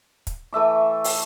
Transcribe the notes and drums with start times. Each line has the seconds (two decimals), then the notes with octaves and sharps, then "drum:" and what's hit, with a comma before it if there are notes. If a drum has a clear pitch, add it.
0.27 drum: kick, hi-hat
0.53 E3 A3 E5 D6
1.04 drum: open hi-hat